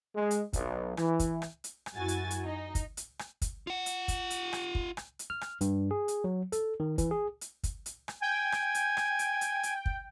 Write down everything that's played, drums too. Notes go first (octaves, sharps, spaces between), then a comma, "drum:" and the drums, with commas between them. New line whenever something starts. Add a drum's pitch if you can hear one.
G#3
drum: hi-hat
B1, drum: kick, hi-hat
E3, drum: rim click
drum: kick, hi-hat
drum: rim click
drum: hi-hat
drum: rim click
F#2 E4 F#4 G#5 A6
drum: hi-hat
drum: hi-hat
D#4
drum: kick, hi-hat
drum: hi-hat
drum: rim click
drum: kick, hi-hat
F4 F#5
drum: hi-hat
drum: kick, hi-hat
drum: hi-hat
drum: rim click
drum: kick
drum: rim click
drum: hi-hat
F6
drum: rim click
G2, drum: hi-hat
G#4
drum: hi-hat
F#3
A4, drum: hi-hat
D#3
E3, drum: kick, hi-hat
G#4
drum: hi-hat
drum: kick, hi-hat
drum: hi-hat
drum: rim click
G5 G#5
drum: rim click
drum: hi-hat
drum: rim click
drum: hi-hat
drum: hi-hat
drum: hi-hat
drum: kick